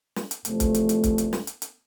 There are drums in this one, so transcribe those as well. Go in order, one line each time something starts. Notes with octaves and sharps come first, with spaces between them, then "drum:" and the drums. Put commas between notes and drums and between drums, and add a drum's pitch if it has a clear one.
drum: snare
drum: hi-hat
E2 C3 F3 A3, drum: hi-hat
drum: kick, hi-hat
drum: hi-hat
drum: hi-hat
drum: kick, hi-hat
drum: hi-hat
drum: snare
drum: hi-hat
drum: hi-hat